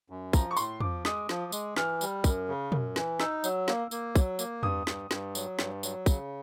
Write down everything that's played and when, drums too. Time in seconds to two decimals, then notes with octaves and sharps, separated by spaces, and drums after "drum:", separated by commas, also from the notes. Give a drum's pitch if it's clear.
0.10 F#2
0.33 F3 A#5, drum: kick, tambourine
0.51 C#6
0.57 A2 C6, drum: tambourine
0.80 F3 D6, drum: tom
1.05 G#3 D#6, drum: snare
1.29 F3, drum: snare
1.52 G#3, drum: tambourine
1.76 E3 F6, drum: snare
2.01 G3, drum: tambourine
2.24 F#2, drum: kick, tambourine
2.48 C#3
2.72 F#2, drum: tom
2.96 E3, drum: snare
3.20 D#4 E6, drum: snare
3.44 F#3, drum: tambourine
3.68 A#3, drum: snare
3.91 A#3, drum: tambourine
4.15 F#3, drum: kick, tambourine
4.39 A#3, drum: tambourine
4.63 G2 D#6, drum: tom
4.87 G2, drum: snare
5.11 G2, drum: snare
5.35 F#3, drum: tambourine
5.59 G2, drum: snare
5.83 F#3, drum: tambourine
6.06 C#3, drum: kick, tambourine